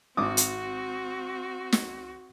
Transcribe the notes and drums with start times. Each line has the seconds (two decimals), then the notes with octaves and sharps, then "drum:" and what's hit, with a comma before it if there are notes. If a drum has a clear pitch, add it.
0.17 G#1 C4 F#4 D6 D#6
0.37 drum: hi-hat
1.72 drum: snare